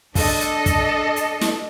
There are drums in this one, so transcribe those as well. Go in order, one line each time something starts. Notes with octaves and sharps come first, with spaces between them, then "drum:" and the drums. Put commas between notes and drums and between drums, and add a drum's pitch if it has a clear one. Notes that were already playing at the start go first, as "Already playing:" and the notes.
D4 A4 D#5, drum: kick, open hi-hat
drum: hi-hat
drum: kick, hi-hat
drum: hi-hat
drum: snare